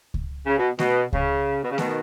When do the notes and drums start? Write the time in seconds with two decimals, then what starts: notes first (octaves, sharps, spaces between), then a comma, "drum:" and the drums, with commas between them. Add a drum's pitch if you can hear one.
0.14 drum: kick C#2
0.46 C#3
0.58 B2
0.79 B2, drum: snare A3
1.13 C#3, drum: kick C#2
1.63 B2
1.70 C#3
1.78 B2 D#3, drum: snare A3